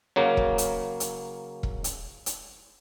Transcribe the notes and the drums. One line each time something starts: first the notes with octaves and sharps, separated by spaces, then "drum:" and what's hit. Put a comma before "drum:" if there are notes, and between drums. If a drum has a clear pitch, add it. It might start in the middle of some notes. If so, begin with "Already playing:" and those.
C#3 F#3 A#3
drum: kick E1
drum: hi-hat
drum: hi-hat
drum: kick E1
drum: hi-hat
drum: hi-hat